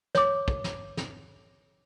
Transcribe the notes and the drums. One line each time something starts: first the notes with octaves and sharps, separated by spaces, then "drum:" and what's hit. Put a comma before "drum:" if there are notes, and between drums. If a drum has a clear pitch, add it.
C#5 D6, drum: snare
drum: kick
drum: snare
drum: snare